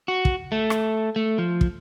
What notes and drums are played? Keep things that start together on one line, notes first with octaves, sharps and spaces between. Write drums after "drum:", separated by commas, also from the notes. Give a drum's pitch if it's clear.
F#4
drum: kick
A3
drum: rim click
A3
F3
drum: kick